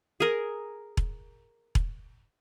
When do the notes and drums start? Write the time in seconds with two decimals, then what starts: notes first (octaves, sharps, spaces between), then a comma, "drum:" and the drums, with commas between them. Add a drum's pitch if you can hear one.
0.20 G#4 A#4
0.97 drum: kick E1
1.75 drum: kick E1